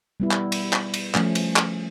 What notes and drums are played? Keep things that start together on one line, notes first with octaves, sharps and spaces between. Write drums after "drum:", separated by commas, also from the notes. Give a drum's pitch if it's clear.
G3 B3 E4
drum: clap
drum: cymbal
drum: clap
drum: cymbal
F3 A3 C#4, drum: clap
drum: cymbal
drum: clap